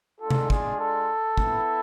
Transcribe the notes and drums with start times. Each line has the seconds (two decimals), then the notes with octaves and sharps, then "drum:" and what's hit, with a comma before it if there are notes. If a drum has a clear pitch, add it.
0.21 G#3 D4 F4 A4
0.30 drum: tom C3
0.50 G#4, drum: kick
0.80 A4
1.37 B3 E4, drum: kick